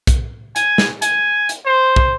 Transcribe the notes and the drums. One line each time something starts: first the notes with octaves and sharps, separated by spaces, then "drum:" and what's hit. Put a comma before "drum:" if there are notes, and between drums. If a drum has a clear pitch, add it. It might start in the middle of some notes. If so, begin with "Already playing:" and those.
drum: kick, hi-hat
G#5, drum: hi-hat
drum: snare
G#5, drum: hi-hat
drum: hi-hat
C5
drum: kick